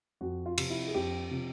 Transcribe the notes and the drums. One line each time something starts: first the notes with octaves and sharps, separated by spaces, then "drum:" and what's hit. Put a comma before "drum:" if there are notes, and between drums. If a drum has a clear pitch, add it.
F2 F#4
F4
C3 F3, drum: cymbal
E4
G#4
F2 G4
C3 F3